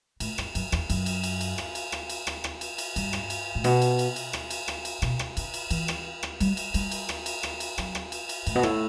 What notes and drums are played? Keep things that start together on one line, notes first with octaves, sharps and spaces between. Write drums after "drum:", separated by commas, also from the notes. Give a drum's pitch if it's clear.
A2, drum: cymbal
G2, drum: rim click
F#2, drum: cymbal
E2, drum: rim click
F#2, drum: cymbal
drum: cymbal
drum: cymbal
drum: cymbal
drum: rim click
drum: cymbal
drum: rim click
drum: cymbal
drum: rim click
drum: rim click
drum: cymbal
drum: cymbal
G2, drum: cymbal
drum: rim click
drum: cymbal
A2
B2, drum: cymbal
drum: cymbal
drum: cymbal
drum: cymbal
drum: rim click
drum: cymbal
drum: rim click
drum: cymbal
B2, drum: rim click
drum: rim click
D3, drum: cymbal
drum: cymbal
E3, drum: cymbal
drum: rim click
drum: rim click
G3, drum: cymbal
drum: cymbal
G3, drum: cymbal
drum: cymbal
drum: rim click
drum: cymbal
drum: rim click
drum: cymbal
F#3, drum: rim click
drum: rim click
drum: cymbal
drum: cymbal
A2, drum: cymbal
B2
A2, drum: rim click